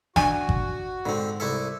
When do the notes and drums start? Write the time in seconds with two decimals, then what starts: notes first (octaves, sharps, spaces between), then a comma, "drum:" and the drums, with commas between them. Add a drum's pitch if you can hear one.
0.16 D4 F#4 G#5, drum: snare
0.49 drum: kick G#1
1.05 G#2 D3 C4
1.40 C2 E4 A4